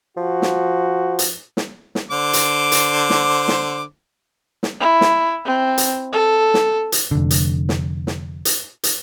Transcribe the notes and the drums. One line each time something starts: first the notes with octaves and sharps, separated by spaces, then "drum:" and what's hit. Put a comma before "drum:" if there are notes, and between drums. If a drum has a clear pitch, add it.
F3 F#4
drum: snare
drum: hi-hat
drum: snare
drum: snare
D3 C5 D6
drum: hi-hat
drum: hi-hat
drum: snare
drum: snare
drum: snare
E4
drum: snare
C4
drum: hi-hat
A4
drum: snare
drum: hi-hat
F1 D3
drum: hi-hat
drum: snare
drum: snare
drum: hi-hat
drum: hi-hat